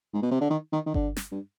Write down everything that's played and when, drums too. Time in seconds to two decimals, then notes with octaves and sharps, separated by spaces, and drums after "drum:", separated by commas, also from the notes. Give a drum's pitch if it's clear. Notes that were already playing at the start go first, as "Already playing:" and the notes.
0.13 G#2
0.22 B2
0.31 C3
0.40 D3
0.50 D#3
0.72 D#3
0.86 D#3
0.94 D3, drum: kick G1
1.16 drum: snare
1.32 G2